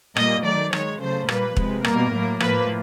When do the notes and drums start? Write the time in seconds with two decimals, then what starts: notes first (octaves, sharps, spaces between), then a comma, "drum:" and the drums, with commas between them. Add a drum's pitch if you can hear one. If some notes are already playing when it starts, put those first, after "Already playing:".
0.16 A#2 G3 A#3 D#5, drum: rim click
0.45 D#3 F#3 A3 D5
0.73 D#3 G#3 C#5, drum: rim click
1.00 C#3 F#3 A3 C5
1.29 A#2 G3 A#3 B4, drum: rim click
1.56 C3 F3 G#3, drum: kick
1.84 B2 G3 A#3 A#4, drum: rim click
2.13 A2 F#3 A#3
2.40 A2 F3 A#3 B4, drum: rim click